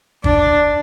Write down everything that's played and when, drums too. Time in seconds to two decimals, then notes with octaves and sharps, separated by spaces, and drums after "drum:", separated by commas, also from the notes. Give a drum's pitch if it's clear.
0.24 D4, drum: kick